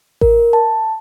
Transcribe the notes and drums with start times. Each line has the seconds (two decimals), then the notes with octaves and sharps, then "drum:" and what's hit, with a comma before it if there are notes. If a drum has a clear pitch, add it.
0.21 A#4, drum: kick A1
0.53 A5